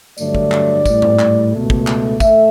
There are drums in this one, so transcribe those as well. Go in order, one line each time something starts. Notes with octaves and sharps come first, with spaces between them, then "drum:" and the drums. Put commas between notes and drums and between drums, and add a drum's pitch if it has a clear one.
G2 D3 F#3 A3 D5, drum: tambourine
drum: kick
drum: clap
A2 G3, drum: kick, tambourine
drum: tom G#2
drum: clap
C#2 B2 A3
drum: kick
drum: clap
A3 E5, drum: kick, tambourine